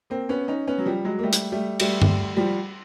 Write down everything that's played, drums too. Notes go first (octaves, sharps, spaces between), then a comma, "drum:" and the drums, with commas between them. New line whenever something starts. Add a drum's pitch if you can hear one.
A#3 C4
B3 C#4
C#4 D#4
B3 C#4
F#3
F3 G3
F#3 G#3
A#3
G3 A3
drum: hi-hat
G3 A3
G3 A3, drum: cymbal
drum: tom G2
F3 G3